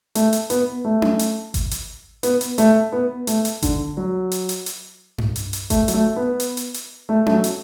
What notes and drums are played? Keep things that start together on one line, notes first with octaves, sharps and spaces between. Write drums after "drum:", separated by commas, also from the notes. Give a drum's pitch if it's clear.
A3, drum: hi-hat
drum: hi-hat
B3, drum: hi-hat
A3
drum: tom C#4
drum: hi-hat
drum: kick G#1, hi-hat
drum: hi-hat
B3, drum: hi-hat
drum: hi-hat
A3, drum: hi-hat
B3
A3, drum: hi-hat
drum: hi-hat
D3, drum: kick G#1, hi-hat
F#3
drum: hi-hat
drum: hi-hat
drum: hi-hat
drum: tom G2
drum: hi-hat
drum: hi-hat
A3, drum: kick G#1, hi-hat
F#3, drum: hi-hat
A3
B3
drum: hi-hat
drum: hi-hat
drum: hi-hat
A3
A3, drum: tom C#4
F#3
drum: hi-hat